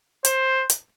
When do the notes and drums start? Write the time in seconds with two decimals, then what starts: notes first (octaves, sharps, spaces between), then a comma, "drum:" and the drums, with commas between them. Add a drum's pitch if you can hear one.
0.25 C5, drum: hi-hat
0.70 drum: hi-hat